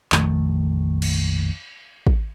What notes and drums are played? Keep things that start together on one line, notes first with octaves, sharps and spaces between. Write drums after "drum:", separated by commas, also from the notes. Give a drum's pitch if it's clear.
A#1 F2 D#3 A3, drum: clap
drum: cymbal
drum: kick